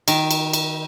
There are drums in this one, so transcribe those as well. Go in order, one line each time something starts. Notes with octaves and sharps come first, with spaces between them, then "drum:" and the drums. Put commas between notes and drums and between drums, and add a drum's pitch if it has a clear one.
D#3, drum: cymbal
drum: cymbal
drum: cymbal